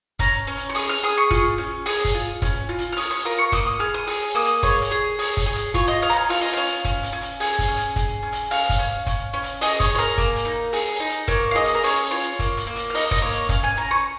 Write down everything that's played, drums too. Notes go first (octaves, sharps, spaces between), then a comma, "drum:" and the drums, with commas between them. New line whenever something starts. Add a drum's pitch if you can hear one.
C#4 A#5, drum: kick, hi-hat
C#4
drum: hi-hat
C#6
G#4 D#6, drum: open hi-hat
F6
G#4 D#6
C#6
F4, drum: kick, hi-hat
C#4
G#4 D#6, drum: open hi-hat
drum: kick, hi-hat
F4
C#4, drum: kick, hi-hat
F4
drum: hi-hat
F6
C#4 D#6, drum: open hi-hat
C#5
F4 A#4
C#6
A#3 D#6, drum: kick, hi-hat
D#6
G#4 F6
D#6
G#4, drum: open hi-hat
A#3 D#6
drum: hi-hat
G#4 C#5, drum: kick, hi-hat
drum: hi-hat
G#4
G#4, drum: open hi-hat
drum: kick, hi-hat
G#4
drum: hi-hat
F4 C#5, drum: kick, hi-hat
D#5
C#4 F5
A#5, drum: hi-hat
G#5
F4 F5, drum: open hi-hat
D#5
C#4 F5
drum: hi-hat
C#4, drum: kick, hi-hat
drum: hi-hat
C#4
drum: hi-hat
G#4 G#5, drum: open hi-hat
drum: kick, hi-hat
C#4
drum: hi-hat
G#4, drum: kick, hi-hat
C#4
drum: hi-hat
C#4 F5, drum: open hi-hat
drum: kick, hi-hat
C#4
C#4, drum: kick, hi-hat
C#4
drum: hi-hat
G#4 D#5, drum: open hi-hat
C#5, drum: kick, hi-hat
C#4
C#5
A#4, drum: hi-hat
A#3, drum: kick, hi-hat
drum: hi-hat
D#4
G#4, drum: open hi-hat
D#4
drum: hi-hat
A#3 C#5, drum: kick, hi-hat
F5
G#4 D#5
drum: hi-hat
A#4
C#4 C#5, drum: open hi-hat
F4 C#5
drum: hi-hat
A#3, drum: kick, hi-hat
drum: hi-hat
A#3
drum: hi-hat
F5
D#4 D#5, drum: open hi-hat
D#5, drum: kick, hi-hat
A#3 C#5
drum: hi-hat
C#4 F5, drum: kick, hi-hat
G#5
C#4 A#5
C#6